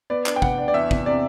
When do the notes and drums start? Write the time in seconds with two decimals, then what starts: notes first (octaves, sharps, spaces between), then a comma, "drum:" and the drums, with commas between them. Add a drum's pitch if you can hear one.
0.10 B3 D5
0.26 D4, drum: clap
0.36 G5
0.42 B3 F#5, drum: kick
0.58 D4
0.68 D5
0.74 E2 E5
0.91 E2, drum: kick
1.06 C3 D5